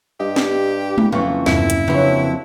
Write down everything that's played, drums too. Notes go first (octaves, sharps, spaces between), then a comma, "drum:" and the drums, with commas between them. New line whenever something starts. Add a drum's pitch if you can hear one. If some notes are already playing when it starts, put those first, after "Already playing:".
G2 G4 D#5
drum: snare
E1, drum: tom G#3
F#1 F2 E3 F5 C#6
E2 G2 C3 E4, drum: snare
drum: hi-hat
A#1 F2 C#3 F#3 B4